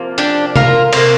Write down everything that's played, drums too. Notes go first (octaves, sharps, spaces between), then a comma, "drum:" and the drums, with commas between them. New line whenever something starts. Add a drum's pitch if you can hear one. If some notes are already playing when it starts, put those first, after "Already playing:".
Already playing: C3 F3 A#3
D4 G4, drum: hi-hat
F4 A#4, drum: tom
C3 A#3 C4, drum: cymbal